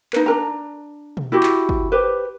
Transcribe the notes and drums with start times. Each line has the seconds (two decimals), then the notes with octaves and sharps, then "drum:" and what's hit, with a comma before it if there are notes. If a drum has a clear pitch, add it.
0.13 D#4 B4, drum: clap
0.26 D4 A#4 A#5
1.17 drum: tom B2
1.32 E4 F#4 G4
1.43 drum: clap
1.69 drum: kick
1.92 G4 B4 C5